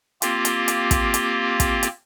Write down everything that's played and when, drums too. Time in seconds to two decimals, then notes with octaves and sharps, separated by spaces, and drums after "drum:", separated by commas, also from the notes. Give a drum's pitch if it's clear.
0.22 A#3 C4 F4 G4, drum: hi-hat
0.45 drum: hi-hat
0.68 drum: hi-hat
0.91 drum: kick, hi-hat
1.14 drum: hi-hat
1.60 drum: kick, hi-hat
1.83 drum: hi-hat